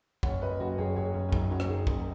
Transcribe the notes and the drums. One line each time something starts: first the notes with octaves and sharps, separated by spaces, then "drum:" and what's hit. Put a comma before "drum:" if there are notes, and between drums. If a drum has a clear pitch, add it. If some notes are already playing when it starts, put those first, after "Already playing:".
F#1 C#5 F#5, drum: kick
F#2 B4 D#5
F#1 F#4 B4
F#1 G#4 C#5
F#1 G#4 C#5
F#1 C#4
C#4
F#2 D#4, drum: kick
F#1 C#4 F#4
drum: rim click
F#1 D#4 G#4
F#1, drum: kick